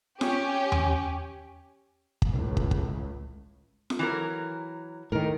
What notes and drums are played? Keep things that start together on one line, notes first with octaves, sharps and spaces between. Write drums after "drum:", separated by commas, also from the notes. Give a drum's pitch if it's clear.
C#4 G4, drum: snare F4
drum: tom E2
drum: kick
C#2 A2
drum: kick
drum: kick
drum: snare F4
E3 F#3 A#4
A2 D#3 A#4